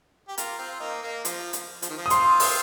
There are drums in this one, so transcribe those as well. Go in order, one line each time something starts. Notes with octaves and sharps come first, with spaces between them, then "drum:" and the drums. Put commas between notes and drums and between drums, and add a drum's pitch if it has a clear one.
G4
F4 A#4, drum: hi-hat
C4 F4
A#3 D#4
A#3
F3, drum: hi-hat
drum: hi-hat
F3, drum: hi-hat
D#3
F3
D#6
C4 F4 C6, drum: hi-hat
drum: open hi-hat